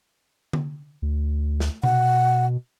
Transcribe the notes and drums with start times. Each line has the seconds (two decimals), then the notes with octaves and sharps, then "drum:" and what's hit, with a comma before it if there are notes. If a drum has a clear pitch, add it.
0.53 drum: tom D3
1.02 D2
1.60 drum: snare
1.83 B2 F#5, drum: tom C3